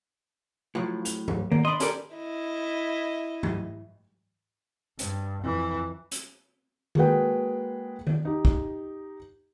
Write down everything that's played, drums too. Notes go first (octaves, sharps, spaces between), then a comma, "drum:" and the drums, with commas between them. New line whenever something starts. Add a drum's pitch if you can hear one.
A2 F3 F#3
F7, drum: hi-hat
drum: tom G#2
A#3, drum: tom D#3
D4 D#5 B5 C6
C#4 D4 G4 A4 A#4 D5, drum: hi-hat
E4 D#5
drum: tom G#2
G2, drum: hi-hat
F2 E3
drum: hi-hat
G#3 A#3 F#4 G#4 B4 G5, drum: tom D#3
drum: tom D#3
D#4 G4
drum: kick